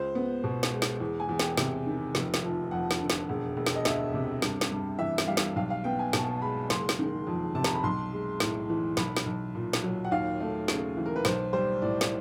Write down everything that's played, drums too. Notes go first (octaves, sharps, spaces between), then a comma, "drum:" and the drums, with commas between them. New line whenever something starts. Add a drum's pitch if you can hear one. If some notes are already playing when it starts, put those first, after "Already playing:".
Already playing: C#2 C5
B3
B2
drum: snare
G#3
drum: snare
E2
G#5
E2
G5, drum: snare
C3, drum: snare
D#3
F1, drum: snare
drum: snare
F3
F2 F#5
drum: snare
D3
drum: snare
E1
E1
drum: snare
D#5
D2 E5, drum: snare
C3
G2, drum: snare
drum: snare
G2
E3 E5
drum: snare
G3 F5
drum: snare
B1 F5
F5
B3 G5
G#5
B2 A5, drum: snare
G#3 B5
F#1 C6, drum: snare
drum: snare
D#3
F2
C3 A5
A#5, drum: snare
B5
B1 C6
G#3
A2, drum: snare
E3
B1 B5, drum: snare
drum: snare
B1
A#2
drum: snare
F#3
F#5
D#2 F5
A3
C#3, drum: snare
E3
A#4
B4
B1 C5, drum: snare
G3 C5
A2 D5
drum: snare